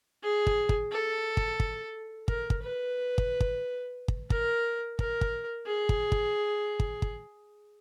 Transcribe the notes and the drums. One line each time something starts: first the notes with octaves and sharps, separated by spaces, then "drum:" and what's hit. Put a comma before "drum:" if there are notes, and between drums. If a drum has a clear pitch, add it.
G#4
drum: kick
drum: kick
A4
drum: kick
drum: kick
A#4, drum: kick
drum: kick
B4
drum: kick
drum: kick
drum: kick
A#4, drum: kick
A#4, drum: kick
drum: kick
G#4
drum: kick
drum: kick
drum: kick
drum: kick